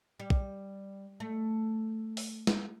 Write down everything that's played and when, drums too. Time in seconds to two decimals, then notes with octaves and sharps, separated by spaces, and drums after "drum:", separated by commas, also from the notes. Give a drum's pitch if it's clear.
0.20 G3
0.30 drum: kick
1.20 A3
2.17 drum: open hi-hat
2.47 drum: snare